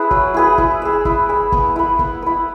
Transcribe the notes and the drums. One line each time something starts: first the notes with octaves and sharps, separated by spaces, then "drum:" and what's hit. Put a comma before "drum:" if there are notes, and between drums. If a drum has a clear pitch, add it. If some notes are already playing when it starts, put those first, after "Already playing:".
Already playing: E4 G#4 B4 E5
F#3, drum: kick
E4 G#4 B4
E4, drum: kick
G#4 E5
E4, drum: kick
G#4 E5
B3, drum: kick
E4 B4
B3, drum: kick
E4 B4